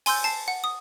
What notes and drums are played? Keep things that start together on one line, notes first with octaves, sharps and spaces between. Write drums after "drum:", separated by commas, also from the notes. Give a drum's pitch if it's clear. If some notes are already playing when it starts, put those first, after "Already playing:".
G#5 C6 E6 G6, drum: open hi-hat
A5 C7
F#5
D#6